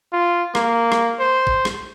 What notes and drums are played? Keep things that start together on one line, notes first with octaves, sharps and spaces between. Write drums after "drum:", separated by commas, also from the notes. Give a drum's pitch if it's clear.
F4
A#3, drum: rim click
drum: rim click
C5
drum: kick
drum: rim click